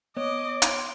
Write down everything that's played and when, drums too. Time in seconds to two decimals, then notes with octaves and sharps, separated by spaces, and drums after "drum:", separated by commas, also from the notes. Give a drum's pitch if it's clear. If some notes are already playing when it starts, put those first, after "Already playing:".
0.17 B3 C#5 D#5 D6
0.62 C6, drum: hi-hat